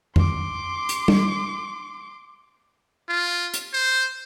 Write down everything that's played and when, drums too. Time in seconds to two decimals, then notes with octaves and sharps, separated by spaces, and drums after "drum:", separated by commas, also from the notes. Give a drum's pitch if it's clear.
0.16 C6 D6, drum: tom F2
0.89 drum: hi-hat
1.08 drum: tom
3.09 F4
3.54 drum: hi-hat
3.73 C5